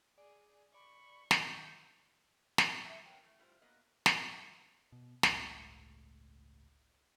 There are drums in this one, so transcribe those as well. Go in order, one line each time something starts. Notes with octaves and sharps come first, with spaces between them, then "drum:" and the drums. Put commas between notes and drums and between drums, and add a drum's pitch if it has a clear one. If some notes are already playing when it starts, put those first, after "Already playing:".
G#4 D5
D5 B5 C#6
D#3 G6, drum: snare
drum: snare
E3 C4 F#4 D5 E5
A#4 B4 C#5 F#5 G5
E3 A3
A2 G3 A#3 D#4 F4 C5
F#3 A#3 B3 D#5
drum: snare
B2
G1 C#2 A2, drum: snare